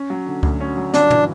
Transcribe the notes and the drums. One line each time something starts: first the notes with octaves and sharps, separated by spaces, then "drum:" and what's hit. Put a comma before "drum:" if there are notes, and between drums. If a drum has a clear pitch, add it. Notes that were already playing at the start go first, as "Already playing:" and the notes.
Already playing: C#4
F#3
D3
D2, drum: kick C#2
C#4
F#3
G1 D4, drum: snare
E3, drum: tom